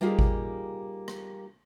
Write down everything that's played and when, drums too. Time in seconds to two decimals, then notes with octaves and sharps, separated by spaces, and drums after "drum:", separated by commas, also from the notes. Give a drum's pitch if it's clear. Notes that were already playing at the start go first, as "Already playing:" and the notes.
0.01 G3 A#3 D#4 F4 G4 G#4
0.19 drum: kick G#1
1.08 drum: rim click